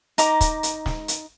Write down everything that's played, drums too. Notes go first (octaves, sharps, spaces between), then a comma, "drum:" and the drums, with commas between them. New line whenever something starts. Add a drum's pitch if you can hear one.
D#4 A#5 D6, drum: hi-hat
drum: kick, hi-hat
drum: hi-hat
drum: snare
drum: hi-hat